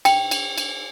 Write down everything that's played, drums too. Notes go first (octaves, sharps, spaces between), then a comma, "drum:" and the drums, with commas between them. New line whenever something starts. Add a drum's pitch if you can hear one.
G5, drum: cymbal
drum: cymbal
drum: cymbal